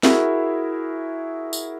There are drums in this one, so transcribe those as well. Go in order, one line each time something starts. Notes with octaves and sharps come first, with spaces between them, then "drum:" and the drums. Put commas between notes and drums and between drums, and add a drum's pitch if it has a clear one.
E4 F#4 G#4 A#4 E5, drum: snare
drum: tambourine